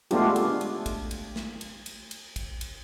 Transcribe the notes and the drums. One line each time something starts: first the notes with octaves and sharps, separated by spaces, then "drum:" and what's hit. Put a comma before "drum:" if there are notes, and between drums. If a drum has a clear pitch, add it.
G#3 A3 B3 D4 F4 G4, drum: cymbal
drum: cymbal
drum: cymbal
drum: kick, cymbal
drum: cymbal
drum: snare
drum: cymbal
drum: cymbal
drum: cymbal
drum: kick, cymbal
drum: cymbal